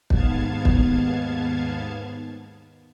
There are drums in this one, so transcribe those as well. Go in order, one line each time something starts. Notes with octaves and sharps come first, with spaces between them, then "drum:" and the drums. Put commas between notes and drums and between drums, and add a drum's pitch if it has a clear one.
D#2 G#2 B3 F5 A5 G#6, drum: kick
drum: kick